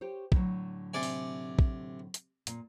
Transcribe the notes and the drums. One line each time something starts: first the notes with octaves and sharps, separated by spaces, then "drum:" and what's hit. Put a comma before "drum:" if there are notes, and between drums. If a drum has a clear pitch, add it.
G4 C5 C#5
A2 D3 F#3, drum: kick
C3 D5 G#5
drum: open hi-hat
drum: kick
drum: hi-hat
A#2, drum: hi-hat